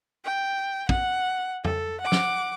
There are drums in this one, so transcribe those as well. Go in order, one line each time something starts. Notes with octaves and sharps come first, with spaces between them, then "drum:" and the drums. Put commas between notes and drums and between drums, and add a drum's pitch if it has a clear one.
G5
F#5, drum: kick
A4, drum: tom F2
F#5 D6
drum: snare